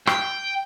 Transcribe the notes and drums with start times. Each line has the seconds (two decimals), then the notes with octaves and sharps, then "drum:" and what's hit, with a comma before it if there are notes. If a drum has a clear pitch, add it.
0.07 G5, drum: rim click